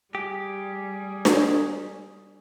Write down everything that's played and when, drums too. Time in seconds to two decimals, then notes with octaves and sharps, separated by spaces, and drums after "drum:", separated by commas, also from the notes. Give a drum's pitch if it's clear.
0.15 G3 G4 G#4
1.25 drum: snare D4